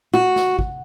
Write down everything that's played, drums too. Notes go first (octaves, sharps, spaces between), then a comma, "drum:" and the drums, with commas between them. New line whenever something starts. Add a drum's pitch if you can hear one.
F#4
drum: snare
drum: kick